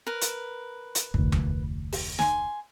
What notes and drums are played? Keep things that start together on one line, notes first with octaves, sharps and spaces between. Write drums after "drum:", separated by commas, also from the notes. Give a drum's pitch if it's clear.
A#4 B4
drum: hi-hat
drum: hi-hat
F1 D2, drum: kick
drum: tom E2
drum: open hi-hat
G#5 C6, drum: snare